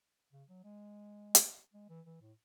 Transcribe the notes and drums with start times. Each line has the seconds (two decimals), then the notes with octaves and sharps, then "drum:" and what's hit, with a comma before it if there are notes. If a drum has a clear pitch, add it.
0.33 C#3
0.49 F#3
0.64 G#3
1.35 drum: hi-hat
1.74 G#3
1.90 E3
2.06 E3
2.21 A2